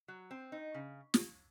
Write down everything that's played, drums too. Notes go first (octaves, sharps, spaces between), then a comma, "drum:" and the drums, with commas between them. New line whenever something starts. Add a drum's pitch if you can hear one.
F#3
C4
D#4
C#3
drum: snare